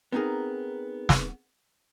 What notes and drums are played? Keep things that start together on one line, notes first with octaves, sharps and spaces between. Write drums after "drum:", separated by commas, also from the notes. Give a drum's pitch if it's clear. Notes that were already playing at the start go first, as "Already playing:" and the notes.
B3 C4 D#4 G4 G#4 A#4
drum: snare